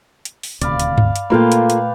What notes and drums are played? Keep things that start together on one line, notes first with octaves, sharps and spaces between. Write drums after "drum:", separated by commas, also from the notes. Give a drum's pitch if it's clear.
drum: hi-hat
drum: open hi-hat
D#1 D2 C3 D5 F5 B5, drum: hi-hat
drum: hi-hat
drum: tom G2
drum: hi-hat
A#2 A3 A#3 F4 A4 B4 F5 G5
drum: hi-hat
drum: hi-hat